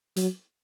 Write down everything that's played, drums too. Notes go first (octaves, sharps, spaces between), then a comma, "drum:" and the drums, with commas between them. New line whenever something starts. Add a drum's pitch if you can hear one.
F#3, drum: hi-hat